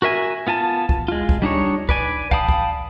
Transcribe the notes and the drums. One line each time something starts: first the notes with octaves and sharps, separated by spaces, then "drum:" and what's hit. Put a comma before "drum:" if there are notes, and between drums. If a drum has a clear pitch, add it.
F#4 A#4 E5 G#5
B3 F4 G#5 A5
drum: kick
G#3 F4
drum: kick
G3 D4 D#4 C#5
B4 D5 G#5, drum: kick
F5 G5 A5 B5 D#6, drum: kick
drum: kick